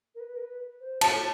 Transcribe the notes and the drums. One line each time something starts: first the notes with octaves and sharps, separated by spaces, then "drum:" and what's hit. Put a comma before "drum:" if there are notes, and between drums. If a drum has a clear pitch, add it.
A#4
B4
A#4
B4
C5
C#5 A5, drum: cymbal